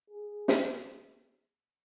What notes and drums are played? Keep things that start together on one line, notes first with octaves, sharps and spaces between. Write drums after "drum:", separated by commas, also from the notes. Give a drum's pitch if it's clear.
G#4
drum: snare